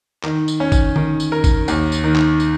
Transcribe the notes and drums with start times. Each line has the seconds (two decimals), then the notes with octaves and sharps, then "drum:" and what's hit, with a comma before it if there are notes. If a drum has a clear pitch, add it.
0.24 D#3, drum: clap
0.48 drum: tambourine
0.60 C#4
0.72 drum: kick G#1, tambourine
0.96 D#3, drum: tom D3
1.20 drum: tambourine
1.32 A#4
1.44 drum: kick G#1, tambourine
1.68 D#2, drum: tambourine
1.92 drum: tambourine
2.04 D#3
2.16 drum: clap
2.40 drum: tambourine